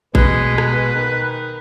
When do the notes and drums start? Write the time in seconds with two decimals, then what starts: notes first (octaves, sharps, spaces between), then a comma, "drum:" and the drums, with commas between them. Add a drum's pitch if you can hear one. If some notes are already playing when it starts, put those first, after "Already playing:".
0.15 B2 G#3 B4, drum: kick A1
0.58 drum: rim click
0.96 D#3